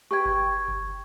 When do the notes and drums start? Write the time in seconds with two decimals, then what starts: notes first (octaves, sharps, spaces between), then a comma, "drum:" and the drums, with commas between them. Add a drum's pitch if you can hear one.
0.11 G4 B4 G5 C#6 G#6
0.25 drum: kick F#1
0.68 drum: kick F#1